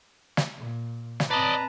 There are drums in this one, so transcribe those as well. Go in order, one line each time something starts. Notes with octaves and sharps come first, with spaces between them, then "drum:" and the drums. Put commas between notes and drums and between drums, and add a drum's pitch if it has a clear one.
drum: snare
A#2
drum: snare
C4 B4 D5 D#5 A5 A#5